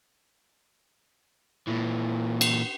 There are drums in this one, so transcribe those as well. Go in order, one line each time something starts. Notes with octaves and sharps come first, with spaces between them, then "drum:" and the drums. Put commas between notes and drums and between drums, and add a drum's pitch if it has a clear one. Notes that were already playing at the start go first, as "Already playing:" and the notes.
A#2 E3
drum: cymbal